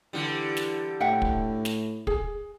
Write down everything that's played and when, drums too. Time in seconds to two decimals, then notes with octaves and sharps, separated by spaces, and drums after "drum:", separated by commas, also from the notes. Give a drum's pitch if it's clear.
0.13 D3 E3 G3
0.57 drum: snare
1.00 A2 E5 F#5 G5
1.22 drum: kick
1.65 drum: snare
2.07 G#4, drum: kick